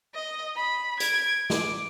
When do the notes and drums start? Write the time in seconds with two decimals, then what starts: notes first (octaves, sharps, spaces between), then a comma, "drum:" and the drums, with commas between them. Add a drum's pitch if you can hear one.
0.15 D#5
0.56 B5
1.00 G#6 D7, drum: hi-hat
1.50 D6, drum: snare